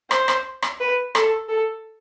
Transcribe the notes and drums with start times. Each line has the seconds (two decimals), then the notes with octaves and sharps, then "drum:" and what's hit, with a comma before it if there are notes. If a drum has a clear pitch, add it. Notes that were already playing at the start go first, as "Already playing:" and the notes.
0.11 C5, drum: rim click
0.28 drum: rim click
0.62 drum: rim click
0.80 B4
1.15 A4, drum: rim click
1.49 A4